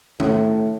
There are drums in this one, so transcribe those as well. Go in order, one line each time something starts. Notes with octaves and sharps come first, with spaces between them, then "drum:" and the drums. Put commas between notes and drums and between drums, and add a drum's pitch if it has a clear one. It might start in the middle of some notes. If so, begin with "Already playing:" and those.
A2, drum: tom D#3